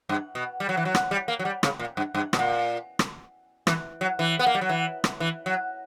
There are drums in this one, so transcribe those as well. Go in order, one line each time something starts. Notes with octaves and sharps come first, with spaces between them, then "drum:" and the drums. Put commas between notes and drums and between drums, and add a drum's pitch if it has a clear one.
G2
B2
G3
F#3
E3
F#3
drum: rim click
G3
A#3
F#3
G3
C#3, drum: rim click
A#2
G2
G2
B2, drum: rim click
A#2
drum: rim click
E3, drum: rim click
F#3
E3
B3
A#3
G3
F#3
E3
drum: rim click
E3
F#3